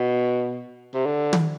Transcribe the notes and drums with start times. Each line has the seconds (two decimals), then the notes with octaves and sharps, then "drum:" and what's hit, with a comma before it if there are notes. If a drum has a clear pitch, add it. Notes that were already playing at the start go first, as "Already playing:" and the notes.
Already playing: B2
0.94 C3
1.06 D3
1.33 drum: tom